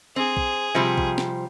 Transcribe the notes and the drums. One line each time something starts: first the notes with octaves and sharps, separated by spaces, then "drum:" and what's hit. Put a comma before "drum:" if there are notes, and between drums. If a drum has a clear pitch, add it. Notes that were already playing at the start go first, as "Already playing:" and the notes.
C4 G#4
drum: kick
C3 F3 G3
drum: kick
drum: snare